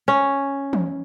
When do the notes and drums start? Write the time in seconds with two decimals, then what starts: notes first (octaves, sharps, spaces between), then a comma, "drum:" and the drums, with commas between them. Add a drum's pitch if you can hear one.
0.08 C#4
0.73 drum: tom E3